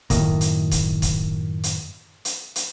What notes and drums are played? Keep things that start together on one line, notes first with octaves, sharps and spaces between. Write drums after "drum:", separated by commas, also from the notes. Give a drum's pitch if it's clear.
F#2 A2 D#3 A#3, drum: kick, hi-hat
drum: hi-hat
drum: kick, hi-hat
drum: kick, hi-hat
drum: hi-hat
drum: hi-hat
drum: hi-hat